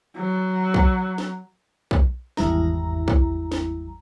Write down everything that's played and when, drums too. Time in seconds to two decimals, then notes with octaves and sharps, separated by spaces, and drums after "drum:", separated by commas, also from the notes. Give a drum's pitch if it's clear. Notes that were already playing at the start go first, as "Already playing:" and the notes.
0.16 F#3
0.74 drum: kick
1.18 drum: snare
1.91 drum: kick
2.37 G#1 E2 G3 E4 A#5, drum: snare
3.08 drum: kick
3.51 drum: snare